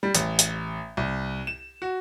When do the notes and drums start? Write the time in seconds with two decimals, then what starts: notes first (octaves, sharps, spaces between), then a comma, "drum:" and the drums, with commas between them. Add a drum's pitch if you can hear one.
0.03 G3
0.15 A1, drum: hi-hat
0.39 drum: hi-hat
0.97 C2
1.47 E7
1.82 F#4